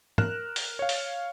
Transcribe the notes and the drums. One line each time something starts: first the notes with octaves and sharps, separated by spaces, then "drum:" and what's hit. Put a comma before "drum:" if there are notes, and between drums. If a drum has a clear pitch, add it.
A#4 F6 F#6 E7, drum: tom
drum: open hi-hat
C#5 F5
drum: open hi-hat